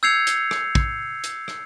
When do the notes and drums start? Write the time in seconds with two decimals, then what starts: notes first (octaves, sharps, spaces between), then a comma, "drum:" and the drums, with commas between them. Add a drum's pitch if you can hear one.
0.03 E6 G6 G#6 C7 C#7 F7
0.27 drum: hi-hat
0.51 drum: rim click
0.75 drum: kick
1.24 drum: hi-hat
1.48 drum: rim click